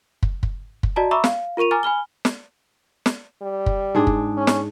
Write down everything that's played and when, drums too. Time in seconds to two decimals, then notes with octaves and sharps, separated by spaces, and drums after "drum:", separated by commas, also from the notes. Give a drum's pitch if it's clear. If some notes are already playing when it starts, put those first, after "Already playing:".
0.23 drum: kick
0.43 drum: kick
0.83 drum: kick
0.96 F#4 D5 D#5 A5 A#5
1.11 E5 A#5 B5 C#6 D6 E6
1.24 F5, drum: snare
1.57 F4 A#4 C#6 D#7 F7
1.71 G#5 A#5 D6 F6 A6
1.83 G#5 B5 F6 G7
2.25 drum: snare
3.06 drum: snare
3.42 G3
3.66 drum: kick
3.95 G#2 D4 G#4
4.07 drum: kick
4.37 C#4
4.47 drum: snare